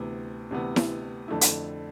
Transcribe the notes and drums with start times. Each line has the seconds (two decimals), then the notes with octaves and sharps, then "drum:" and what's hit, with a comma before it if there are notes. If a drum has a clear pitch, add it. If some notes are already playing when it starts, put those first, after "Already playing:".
Already playing: D2 C3 E3 B3
0.51 D2 C3 E3 B3
0.76 drum: snare E4
1.28 F2 D3 A3 E4
1.41 drum: hi-hat